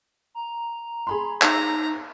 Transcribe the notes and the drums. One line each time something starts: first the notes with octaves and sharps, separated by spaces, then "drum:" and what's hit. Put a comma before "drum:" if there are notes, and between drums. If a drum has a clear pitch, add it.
A#5
G#4 B5 C6
D#4 A#5, drum: clap